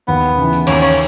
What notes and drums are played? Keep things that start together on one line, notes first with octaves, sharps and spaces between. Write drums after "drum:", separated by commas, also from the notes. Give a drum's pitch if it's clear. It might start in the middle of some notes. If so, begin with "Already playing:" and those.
D#2 B3
C#3 E3
drum: tambourine
D#2 C#4, drum: cymbal
C#4